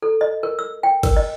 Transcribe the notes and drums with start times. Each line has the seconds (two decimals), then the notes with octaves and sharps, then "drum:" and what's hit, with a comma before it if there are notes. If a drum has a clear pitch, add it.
0.02 A4
0.21 D#5
0.43 A#4
0.59 E6
0.83 G5
1.03 A#4, drum: kick G1, cymbal
1.16 D#5